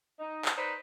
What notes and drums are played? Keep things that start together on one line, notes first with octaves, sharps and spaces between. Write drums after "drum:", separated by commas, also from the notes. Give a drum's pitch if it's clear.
D#4
drum: clap
D#4 B4 C5 D5